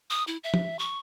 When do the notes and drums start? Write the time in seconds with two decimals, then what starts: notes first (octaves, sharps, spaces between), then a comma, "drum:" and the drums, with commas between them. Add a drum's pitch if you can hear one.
0.10 D#6
0.27 E4
0.44 E5
0.54 drum: tom F3
0.79 C#6